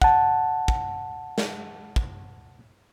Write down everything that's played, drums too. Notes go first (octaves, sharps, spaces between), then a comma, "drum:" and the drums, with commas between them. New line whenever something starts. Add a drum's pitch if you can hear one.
F#5 A5, drum: kick
drum: kick
drum: snare
drum: kick